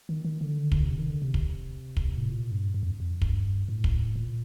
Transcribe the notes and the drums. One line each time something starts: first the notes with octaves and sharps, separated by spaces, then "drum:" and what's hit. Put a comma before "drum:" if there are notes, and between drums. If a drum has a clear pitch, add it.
D#3
D#3
D3
drum: kick
A#2
C3
D#3
D3
C3
drum: kick
drum: kick
A2
A#2
G2
G2
F2
F2
G2, drum: kick
A2
drum: kick
A#2